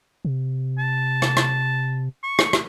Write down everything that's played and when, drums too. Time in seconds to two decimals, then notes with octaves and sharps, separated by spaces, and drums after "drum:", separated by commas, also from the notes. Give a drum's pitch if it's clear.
0.25 C3
0.78 A5
1.22 drum: rim click
1.37 drum: rim click
2.23 C#6
2.39 drum: rim click
2.53 drum: rim click